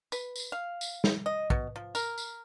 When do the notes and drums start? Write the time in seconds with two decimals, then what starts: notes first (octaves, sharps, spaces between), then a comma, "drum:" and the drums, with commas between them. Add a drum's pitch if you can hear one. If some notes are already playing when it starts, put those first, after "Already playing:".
0.12 B4, drum: tambourine
0.36 drum: tambourine
0.52 F5
0.81 drum: tambourine
1.04 drum: snare
1.26 D#5
1.50 B2, drum: kick
1.76 F3
1.95 A#4, drum: tambourine
2.18 drum: tambourine